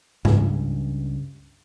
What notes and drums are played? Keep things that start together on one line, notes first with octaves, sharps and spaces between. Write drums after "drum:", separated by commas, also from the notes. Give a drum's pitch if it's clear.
C#2 G2, drum: tom G#2